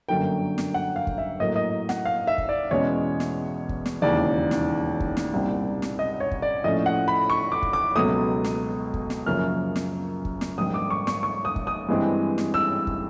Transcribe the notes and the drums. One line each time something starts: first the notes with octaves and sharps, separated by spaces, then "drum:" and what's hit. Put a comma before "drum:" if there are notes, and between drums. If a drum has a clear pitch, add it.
G1 F#2 D3 F#3 A#3 G5
drum: snare
F#5
F5
drum: kick
E5
A2 F#3 A#3 D#5
D#5
F#5, drum: snare
F5
E5
drum: kick
D5
E2 B2 G#3 C#4 C#5
drum: snare
drum: kick
drum: snare
E1 D#2 C#3 E3 D5
drum: snare
drum: kick
drum: snare
C2 A#2 G3 C4 D#4
drum: snare
D#5
C#5
drum: kick
D5
A#1 A2 F3 A3 C#4 D#5
F#5
B5
C#6
D6
drum: kick
D6
C#2 B2 F#3 A3 D#6
drum: snare
drum: kick
drum: snare
F#2 C#3 F3 A#3 C#4 F6
drum: snare
drum: kick
drum: snare
A#1 G#2 D#3 G3 D#6
D6
C#6
C#6, drum: snare
C#6
D#6
drum: kick
D#6
G2 E3 G#3 C4
drum: snare
E6
drum: kick